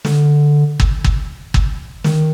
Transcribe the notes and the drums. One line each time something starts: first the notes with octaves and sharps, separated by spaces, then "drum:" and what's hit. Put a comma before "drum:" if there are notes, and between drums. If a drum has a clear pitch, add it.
D3, drum: snare
drum: kick
drum: kick
drum: kick
D#3, drum: snare